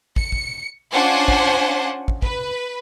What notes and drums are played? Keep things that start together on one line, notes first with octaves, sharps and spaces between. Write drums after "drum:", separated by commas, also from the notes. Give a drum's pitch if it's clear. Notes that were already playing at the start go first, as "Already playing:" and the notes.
C#7, drum: kick
drum: kick
C#4 D4 F4 C5 F#5 G#5
drum: kick
drum: kick
B4, drum: kick